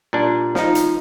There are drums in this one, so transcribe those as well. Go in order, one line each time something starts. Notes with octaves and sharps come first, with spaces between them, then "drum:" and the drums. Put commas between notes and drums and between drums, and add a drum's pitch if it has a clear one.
A#2 G3 D4
F3 D#4, drum: snare
drum: hi-hat